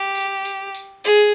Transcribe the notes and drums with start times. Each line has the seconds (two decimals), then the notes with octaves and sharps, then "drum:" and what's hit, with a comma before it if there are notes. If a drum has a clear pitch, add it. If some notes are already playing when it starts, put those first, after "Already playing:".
Already playing: G4
0.15 drum: tambourine
0.45 drum: tambourine
0.75 drum: tambourine
1.04 G#4, drum: tambourine